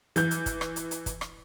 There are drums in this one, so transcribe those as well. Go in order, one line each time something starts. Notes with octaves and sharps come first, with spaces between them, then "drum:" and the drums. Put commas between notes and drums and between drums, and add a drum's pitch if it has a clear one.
E3 G6, drum: hi-hat
drum: hi-hat
drum: kick, hi-hat
drum: rim click
drum: hi-hat
drum: hi-hat
drum: kick, hi-hat
drum: rim click